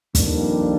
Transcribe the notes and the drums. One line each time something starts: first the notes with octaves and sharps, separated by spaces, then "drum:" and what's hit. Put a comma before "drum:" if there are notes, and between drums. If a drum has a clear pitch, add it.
F2 D#3 G3 A#3 D4, drum: kick, hi-hat